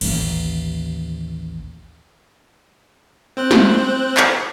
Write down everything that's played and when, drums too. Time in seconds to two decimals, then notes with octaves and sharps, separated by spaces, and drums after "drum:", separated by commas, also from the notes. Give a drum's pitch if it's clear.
0.01 A1 D#2, drum: cymbal
3.37 C4 C5 F#6
3.51 drum: snare
4.17 drum: clap